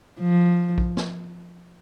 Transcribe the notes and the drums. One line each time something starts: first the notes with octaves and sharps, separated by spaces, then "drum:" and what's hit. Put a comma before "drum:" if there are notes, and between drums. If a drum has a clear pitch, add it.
F3
drum: kick A#1
drum: snare